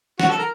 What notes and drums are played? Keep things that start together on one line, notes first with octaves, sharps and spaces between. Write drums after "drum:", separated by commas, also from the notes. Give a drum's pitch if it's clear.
F#4, drum: snare
A4
A#4